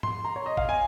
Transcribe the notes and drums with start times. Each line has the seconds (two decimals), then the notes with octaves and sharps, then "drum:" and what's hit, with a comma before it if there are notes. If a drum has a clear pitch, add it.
0.03 C6, drum: tom G#2
0.24 A#5
0.36 C#5
0.46 D#5
0.57 F5, drum: kick
0.69 G#5